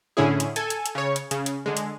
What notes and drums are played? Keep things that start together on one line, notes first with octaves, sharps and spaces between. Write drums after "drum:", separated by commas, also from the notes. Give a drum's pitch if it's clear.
A2 D3 C#4 E4 G#4
drum: hi-hat
A4 G#5, drum: hi-hat
drum: hi-hat
drum: hi-hat
C#3 C#5
drum: hi-hat
C#3, drum: hi-hat
drum: hi-hat
D3 G#3
drum: hi-hat